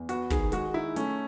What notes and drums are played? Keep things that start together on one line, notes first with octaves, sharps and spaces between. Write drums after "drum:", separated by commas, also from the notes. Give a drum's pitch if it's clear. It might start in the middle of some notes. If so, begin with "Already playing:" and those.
Already playing: E2
B3 F#4, drum: hi-hat
D#3 G#4, drum: kick, hi-hat
G#3 F#4, drum: hi-hat
D#4 E4
A3 C#4, drum: hi-hat